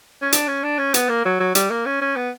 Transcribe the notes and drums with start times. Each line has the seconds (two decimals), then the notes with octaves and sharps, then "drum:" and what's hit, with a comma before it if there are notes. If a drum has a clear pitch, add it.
0.22 C#4
0.32 D4, drum: hi-hat
0.48 C#4
0.64 D4
0.78 C#4
0.94 B3, drum: hi-hat
1.09 A#3
1.25 F#3
1.40 F#3
1.55 G3, drum: hi-hat
1.71 A#3
1.86 C#4
2.01 C#4
2.16 B3